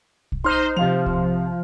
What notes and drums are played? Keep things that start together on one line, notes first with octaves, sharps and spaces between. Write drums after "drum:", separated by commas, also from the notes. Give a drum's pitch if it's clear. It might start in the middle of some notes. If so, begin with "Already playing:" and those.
drum: kick
D#4 C5 C6 F6
C3 F3 F5 F7
drum: kick